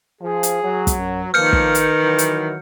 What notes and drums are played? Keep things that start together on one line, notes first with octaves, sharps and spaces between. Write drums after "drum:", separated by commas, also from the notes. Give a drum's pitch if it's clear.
F3 G#4
drum: hi-hat
F#3
drum: kick, hi-hat
F#2
D#3 F3 A#3 B4 F6 G6 C#7
drum: kick
drum: hi-hat
E3 F#3
drum: hi-hat